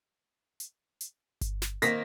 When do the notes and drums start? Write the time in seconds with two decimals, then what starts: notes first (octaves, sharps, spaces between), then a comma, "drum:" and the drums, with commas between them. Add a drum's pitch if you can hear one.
0.60 drum: hi-hat
1.01 drum: hi-hat
1.41 drum: kick G1, hi-hat
1.62 drum: snare
1.82 D#3 A#3 C4 A#6 B6, drum: hi-hat